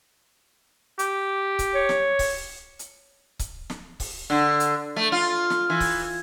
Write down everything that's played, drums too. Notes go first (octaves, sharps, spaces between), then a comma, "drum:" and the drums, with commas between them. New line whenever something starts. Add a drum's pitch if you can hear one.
G4, drum: hi-hat
drum: kick C#1, hi-hat
C#5
drum: snare
drum: kick C#1, open hi-hat
drum: hi-hat
drum: kick C#1, hi-hat
drum: snare
drum: kick C#1, open hi-hat
D3
drum: hi-hat
A3
F4
drum: snare
E3
drum: kick C#1, open hi-hat